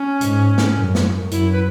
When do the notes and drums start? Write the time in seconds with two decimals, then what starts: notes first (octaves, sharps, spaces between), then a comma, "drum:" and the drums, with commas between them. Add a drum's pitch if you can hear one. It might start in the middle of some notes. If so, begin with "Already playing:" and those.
Already playing: C#4
0.21 G#2, drum: hi-hat
0.58 drum: snare
0.76 F#2
0.95 drum: snare
1.31 F#2 E4, drum: hi-hat
1.52 B4